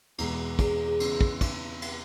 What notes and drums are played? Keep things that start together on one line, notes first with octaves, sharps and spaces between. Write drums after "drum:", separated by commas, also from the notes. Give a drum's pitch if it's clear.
E2 B2 G#3, drum: cymbal
G#4, drum: kick, cymbal
G#4
C#3 E3 B3, drum: cymbal
drum: kick
drum: kick, cymbal
drum: cymbal